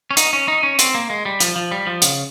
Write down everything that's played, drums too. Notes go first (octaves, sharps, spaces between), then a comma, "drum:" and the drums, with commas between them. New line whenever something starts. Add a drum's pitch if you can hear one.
C#4
D#4, drum: hi-hat
C#4
D#4
C#4
C4, drum: hi-hat
A#3
G#3
G3
F3, drum: hi-hat
F3
G3
F3
C#3, drum: hi-hat